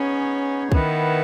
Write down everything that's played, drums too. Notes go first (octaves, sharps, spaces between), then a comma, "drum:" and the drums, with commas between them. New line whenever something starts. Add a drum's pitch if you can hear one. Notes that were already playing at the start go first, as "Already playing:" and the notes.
Already playing: B3 C#4 D#4 G#4 C#5
D#3 B3 E4 B4 F#5, drum: kick